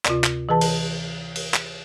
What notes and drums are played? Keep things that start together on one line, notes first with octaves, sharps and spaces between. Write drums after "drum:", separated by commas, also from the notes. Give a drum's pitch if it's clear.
D2 C3 F4, drum: clap
drum: clap
E3 G#4 B4 A5
drum: cymbal
drum: cymbal
drum: clap